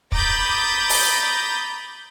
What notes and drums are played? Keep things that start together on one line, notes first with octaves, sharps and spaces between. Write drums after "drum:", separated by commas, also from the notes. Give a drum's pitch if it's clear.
A#5 B5 D6 D#6 G6 A6, drum: kick
drum: open hi-hat